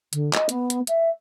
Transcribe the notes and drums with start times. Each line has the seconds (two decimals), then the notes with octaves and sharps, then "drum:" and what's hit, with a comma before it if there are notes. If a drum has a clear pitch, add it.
0.13 D3, drum: hi-hat
0.33 D#5, drum: clap
0.49 B3, drum: hi-hat
0.70 drum: hi-hat
0.87 E5, drum: hi-hat